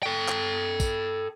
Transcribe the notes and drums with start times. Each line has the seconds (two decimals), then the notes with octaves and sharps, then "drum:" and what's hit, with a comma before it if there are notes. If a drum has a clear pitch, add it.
0.03 A4 G5
0.29 drum: clap
0.80 drum: kick, tambourine